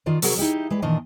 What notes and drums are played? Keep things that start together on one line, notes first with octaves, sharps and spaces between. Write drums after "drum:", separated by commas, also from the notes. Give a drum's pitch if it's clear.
D#3 F4 D5 D#5
C3 F#3 F#4 G#4 A#4, drum: open hi-hat
D#4 E4 G4 D#5
G#3 B4 D5
A#2 D#3 E3 D4 D#5